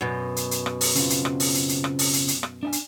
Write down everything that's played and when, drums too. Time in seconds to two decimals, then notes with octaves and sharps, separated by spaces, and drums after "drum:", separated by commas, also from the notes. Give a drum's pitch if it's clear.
0.01 F#2 B2
0.36 drum: hi-hat
0.51 drum: hi-hat
0.66 drum: rim click
0.81 drum: open hi-hat
0.95 C#3 C4 F4, drum: hi-hat
1.10 drum: hi-hat
1.25 drum: rim click
1.40 drum: open hi-hat
1.54 drum: hi-hat
1.69 drum: hi-hat
1.84 drum: rim click
1.99 drum: open hi-hat
2.13 drum: hi-hat
2.28 drum: hi-hat
2.43 drum: rim click
2.63 D4 D#5 G#5
2.72 drum: hi-hat